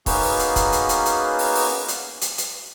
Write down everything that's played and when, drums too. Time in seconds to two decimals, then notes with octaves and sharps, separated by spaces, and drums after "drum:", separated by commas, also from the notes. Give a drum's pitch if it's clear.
0.06 A#3 B3 C#4 D#4 F#4 G#4, drum: kick, open hi-hat
0.23 drum: open hi-hat
0.39 drum: hi-hat
0.56 drum: kick, hi-hat
0.72 drum: hi-hat
0.89 drum: hi-hat
1.06 drum: hi-hat
1.39 drum: open hi-hat
1.55 drum: open hi-hat
1.88 drum: hi-hat
2.21 drum: hi-hat
2.38 drum: hi-hat